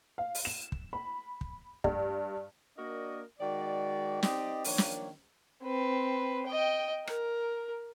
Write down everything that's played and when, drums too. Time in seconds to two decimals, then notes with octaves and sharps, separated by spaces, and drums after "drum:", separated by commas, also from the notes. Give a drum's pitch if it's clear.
0.18 F5
0.35 drum: open hi-hat
0.45 E7
0.72 drum: kick
0.93 B5
1.41 drum: kick
1.84 G2, drum: kick
2.77 A#3 D4 F#4 A#4 D5 D#5
3.40 D#3 G#3 F#4 D5
4.23 C4 D#4 G4 D5 D#5, drum: snare
4.64 D#3 F3 A#3 D4 C#5, drum: open hi-hat
4.78 drum: snare
5.63 C4 B4
6.47 D#5 G5
7.07 A#4, drum: rim click